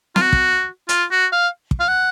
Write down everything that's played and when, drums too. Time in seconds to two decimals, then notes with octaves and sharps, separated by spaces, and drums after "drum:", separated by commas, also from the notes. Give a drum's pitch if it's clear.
0.16 F4, drum: snare
0.21 F#4
0.33 drum: kick
0.89 F4, drum: hi-hat
1.11 F#4
1.32 F5
1.71 drum: kick
1.80 F5
1.88 F#5